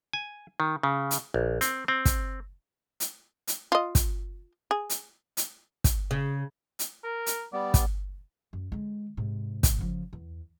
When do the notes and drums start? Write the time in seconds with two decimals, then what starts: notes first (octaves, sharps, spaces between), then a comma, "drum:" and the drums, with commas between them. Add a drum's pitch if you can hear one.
0.13 G#5
0.60 D#3
0.83 C#3
1.11 drum: hi-hat
1.34 A#1
1.61 C4, drum: hi-hat
1.88 C4
2.05 drum: kick, hi-hat
3.00 drum: hi-hat
3.48 drum: hi-hat
3.72 F4 D#5
3.95 drum: kick, hi-hat
4.71 G#4
4.90 drum: hi-hat
5.37 drum: hi-hat
5.84 drum: kick, hi-hat
6.11 C#3
6.79 drum: hi-hat
7.04 A#4
7.26 drum: hi-hat
7.53 G3 B3 D5
7.74 drum: kick, hi-hat
8.53 F#2
8.72 D3 G#3
9.17 G#2 C3
9.63 drum: kick, hi-hat
9.79 C#3 F3
10.13 E2